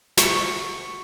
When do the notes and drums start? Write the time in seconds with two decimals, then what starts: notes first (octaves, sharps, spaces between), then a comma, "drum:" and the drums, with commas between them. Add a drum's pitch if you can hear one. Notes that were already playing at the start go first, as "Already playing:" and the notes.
0.17 C#6, drum: snare